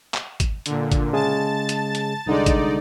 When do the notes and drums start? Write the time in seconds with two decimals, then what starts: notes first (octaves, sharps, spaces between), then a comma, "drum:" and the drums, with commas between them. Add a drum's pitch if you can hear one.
0.14 drum: clap
0.40 drum: kick G#1, hi-hat
0.66 A#2 D3, drum: hi-hat
0.92 drum: kick G#1, hi-hat
1.13 C#3 G#3 G#4 A5 A6
1.69 drum: hi-hat
1.95 drum: hi-hat
2.26 C2 D3 G#3 D#4 D5
2.46 drum: kick G#1, hi-hat